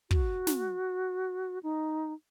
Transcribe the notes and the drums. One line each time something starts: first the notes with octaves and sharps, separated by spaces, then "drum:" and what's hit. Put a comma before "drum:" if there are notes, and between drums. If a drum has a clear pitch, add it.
F#4, drum: kick
drum: snare
D#4